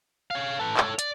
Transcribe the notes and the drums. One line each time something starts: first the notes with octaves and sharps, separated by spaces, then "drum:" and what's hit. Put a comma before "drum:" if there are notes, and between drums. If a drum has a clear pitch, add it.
C#5 F5
A4 B4
A4 C#5, drum: clap
D5, drum: hi-hat